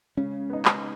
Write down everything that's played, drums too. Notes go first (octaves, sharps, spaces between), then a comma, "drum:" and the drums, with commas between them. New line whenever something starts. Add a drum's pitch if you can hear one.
C#3 G#3 C#4
B3 D#4
drum: clap